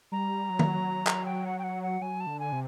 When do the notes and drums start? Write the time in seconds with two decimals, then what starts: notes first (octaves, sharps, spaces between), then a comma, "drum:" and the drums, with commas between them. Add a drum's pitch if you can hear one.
0.12 G3 A#5
0.50 F#3
0.59 drum: tom D#3
1.07 drum: clap
1.26 G5
1.45 F#5
1.59 G5
1.64 F#5
1.83 F#5
2.01 F#3 G#5
2.20 A5
2.27 D3
2.39 G#5
2.52 C3